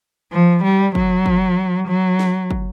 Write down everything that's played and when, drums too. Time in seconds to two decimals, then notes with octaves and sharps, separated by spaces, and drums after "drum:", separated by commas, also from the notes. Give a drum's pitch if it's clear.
0.32 F3
0.64 G3
0.95 F#3, drum: kick
1.26 drum: kick
1.88 F#3
2.19 drum: snare
2.51 drum: kick